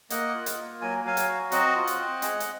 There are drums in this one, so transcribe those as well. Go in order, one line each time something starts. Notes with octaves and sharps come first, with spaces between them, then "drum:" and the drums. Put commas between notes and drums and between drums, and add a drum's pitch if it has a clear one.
A#3 D#5 F#5, drum: hi-hat
F4
drum: hi-hat
A#3
F#3 G#5
F#3 F5 G#5
drum: hi-hat
F#4
C4 D#5 F#5, drum: hi-hat
F4
drum: hi-hat
C4
G#3, drum: hi-hat
drum: hi-hat